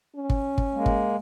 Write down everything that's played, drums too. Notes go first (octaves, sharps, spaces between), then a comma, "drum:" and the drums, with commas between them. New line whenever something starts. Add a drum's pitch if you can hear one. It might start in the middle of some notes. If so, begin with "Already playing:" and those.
C#4
drum: kick
drum: kick
G#3 A#3
drum: kick